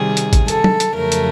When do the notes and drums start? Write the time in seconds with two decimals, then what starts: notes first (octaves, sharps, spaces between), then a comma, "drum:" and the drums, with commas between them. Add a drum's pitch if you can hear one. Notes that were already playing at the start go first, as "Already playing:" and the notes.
Already playing: C3 D#3 G3 G#4
0.17 drum: hi-hat
0.33 drum: kick, hi-hat
0.48 A4, drum: hi-hat
0.64 drum: tom F#3
0.80 drum: hi-hat
0.96 F2 C#3 F#3 A3 A#4
1.12 drum: hi-hat